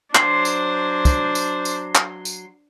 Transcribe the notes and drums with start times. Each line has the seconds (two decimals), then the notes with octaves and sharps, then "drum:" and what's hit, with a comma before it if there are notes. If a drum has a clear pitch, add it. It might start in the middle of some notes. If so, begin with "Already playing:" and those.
0.15 F#3 D4 C5 C6, drum: clap
0.45 drum: tambourine
1.05 drum: kick, tambourine
1.35 drum: tambourine
1.65 drum: tambourine
1.95 drum: clap
2.25 drum: tambourine